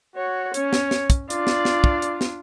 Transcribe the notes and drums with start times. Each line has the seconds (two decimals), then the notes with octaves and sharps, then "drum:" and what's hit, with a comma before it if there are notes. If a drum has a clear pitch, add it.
0.16 F#4 C#5
0.54 C#4 C#5, drum: hi-hat
0.73 drum: snare
0.91 drum: snare
1.10 drum: kick, hi-hat
1.30 D4 F4 D5, drum: hi-hat
1.47 drum: snare
1.65 drum: snare
1.84 drum: kick
2.02 drum: hi-hat
2.21 drum: snare